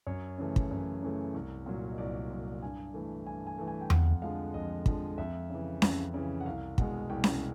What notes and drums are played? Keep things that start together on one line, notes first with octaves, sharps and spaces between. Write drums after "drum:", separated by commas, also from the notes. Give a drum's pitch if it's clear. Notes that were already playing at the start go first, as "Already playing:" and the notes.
F#2 C#5
C#3 E3 A3
drum: kick
F#2
C#3 E3 A3
C2
A#2 F#3
D#5
C2 D5
A#2 F#3
G2 G#5
E3 A3
G2 G#5
G#5
E3 A3
G#5
G5
F2 F#5, drum: tom E2
D3 F3 G#3 F5
F2 D#5
D3 F3 G#3, drum: kick
F2 E5
C#3 E3
F2, drum: snare C#4
C#3 E3
F#5
C2 F5
B2 G#3 F#5, drum: kick
C2 G5
drum: snare C#4